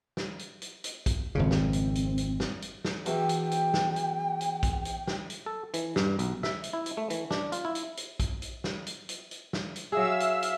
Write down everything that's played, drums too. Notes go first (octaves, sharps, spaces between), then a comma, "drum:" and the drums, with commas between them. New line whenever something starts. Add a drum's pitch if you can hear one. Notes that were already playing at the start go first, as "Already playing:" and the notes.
drum: snare
drum: hi-hat
drum: hi-hat
drum: hi-hat
drum: kick A#1, hi-hat
G#1 F2 C#3 C4
drum: snare
drum: hi-hat
drum: hi-hat
drum: hi-hat
drum: snare
drum: hi-hat
drum: snare
E2 B2 E3 G5, drum: hi-hat
drum: hi-hat
drum: hi-hat
drum: snare
drum: hi-hat
drum: hi-hat
drum: kick A#1, hi-hat
drum: hi-hat
drum: snare
drum: hi-hat
A4
E3, drum: hi-hat
G2, drum: snare
B1, drum: hi-hat
E5, drum: snare
drum: hi-hat
E4
drum: hi-hat
A3
E3, drum: hi-hat
D4, drum: snare
F4, drum: hi-hat
E4
drum: hi-hat
drum: hi-hat
drum: kick A#1, hi-hat
drum: hi-hat
drum: snare
drum: hi-hat
drum: hi-hat
drum: hi-hat
drum: snare
drum: hi-hat
F#3 G#4 E5 F5 E6
drum: hi-hat
drum: hi-hat